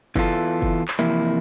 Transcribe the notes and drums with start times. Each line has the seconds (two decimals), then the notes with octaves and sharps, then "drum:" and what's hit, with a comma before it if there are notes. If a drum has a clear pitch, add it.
0.16 E2 E3 A#3 F4 A4, drum: kick F#1
0.62 drum: kick F#1
0.88 drum: clap
0.99 F2 C3 E3 A#3 E4